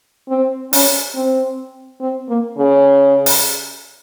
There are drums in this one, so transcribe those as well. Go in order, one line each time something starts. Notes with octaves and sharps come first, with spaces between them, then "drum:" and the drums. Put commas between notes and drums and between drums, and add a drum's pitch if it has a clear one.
C4
C#4, drum: open hi-hat
C4
C4
A#3
C#3
drum: open hi-hat